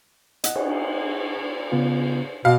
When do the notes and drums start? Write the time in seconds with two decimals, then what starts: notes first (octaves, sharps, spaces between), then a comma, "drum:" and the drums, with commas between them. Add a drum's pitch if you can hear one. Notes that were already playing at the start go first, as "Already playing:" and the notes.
0.44 D#5 F#5, drum: hi-hat
0.55 drum: cymbal
1.72 C#3 B3 F4
2.45 B2 F#4 F5